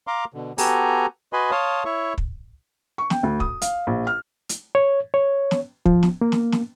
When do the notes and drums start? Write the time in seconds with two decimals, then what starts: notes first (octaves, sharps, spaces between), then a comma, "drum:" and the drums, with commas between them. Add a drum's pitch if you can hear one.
0.07 F5 A#5 C6 D6
0.34 B2 D3
0.58 B3 F#4 G4 A4 G#5 A#5, drum: open hi-hat
1.33 F#4 B4 D#5 G#5 B5 C6
1.51 C#5 F5 A5 C6 D#6
1.85 E4 C#5 E5 C#6
2.18 drum: kick
2.98 C#6
3.10 G5, drum: snare
3.23 D2
3.40 D#6, drum: kick
3.62 F5, drum: hi-hat
3.87 A#1
4.07 F6
4.49 drum: hi-hat
4.75 C#5
5.14 C#5
5.51 drum: snare
5.86 F3, drum: kick
6.03 drum: snare
6.21 A#3
6.32 drum: snare
6.52 drum: snare